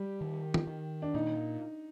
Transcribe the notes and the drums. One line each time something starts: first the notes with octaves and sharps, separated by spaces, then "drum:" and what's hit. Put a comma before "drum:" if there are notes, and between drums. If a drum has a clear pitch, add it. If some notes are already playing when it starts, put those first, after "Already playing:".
Already playing: G3 G4
D#3
drum: tom D#3
D#3
D4
A#2 D#4